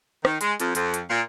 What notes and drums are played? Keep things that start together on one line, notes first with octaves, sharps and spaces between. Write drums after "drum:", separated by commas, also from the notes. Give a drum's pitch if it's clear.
D#3, drum: rim click
G#3, drum: hi-hat
F2, drum: hi-hat
F2, drum: hi-hat
drum: hi-hat
A#2